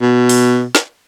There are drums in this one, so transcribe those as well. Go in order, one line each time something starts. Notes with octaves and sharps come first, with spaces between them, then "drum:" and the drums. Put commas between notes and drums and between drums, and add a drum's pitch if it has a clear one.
B2
drum: open hi-hat
drum: snare